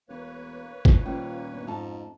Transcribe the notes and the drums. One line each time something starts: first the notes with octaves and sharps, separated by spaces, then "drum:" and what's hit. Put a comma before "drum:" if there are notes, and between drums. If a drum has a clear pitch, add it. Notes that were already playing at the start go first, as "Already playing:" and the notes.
E1 A#3 B4 C#5
F2, drum: kick
D#2 A#2 F3 G3 C#4
G1
F2 G#2 D#4 A5